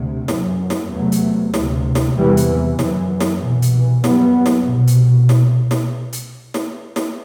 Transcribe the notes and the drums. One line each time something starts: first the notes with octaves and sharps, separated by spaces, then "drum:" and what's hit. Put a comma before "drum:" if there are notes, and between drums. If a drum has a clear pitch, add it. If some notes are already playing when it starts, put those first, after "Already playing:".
Already playing: D2 C3
F#2, drum: snare
drum: snare
E2 C3 F#3 A3
drum: hi-hat
D2 C3, drum: snare
drum: snare
E2 C3 E3 G3
drum: hi-hat
E3
F#2 E3, drum: snare
drum: snare
C2 B2 E3
drum: hi-hat
E3
F#2 G3 B3, drum: snare
drum: snare
C2 B2
drum: hi-hat
drum: snare
drum: snare
drum: hi-hat
drum: snare
drum: snare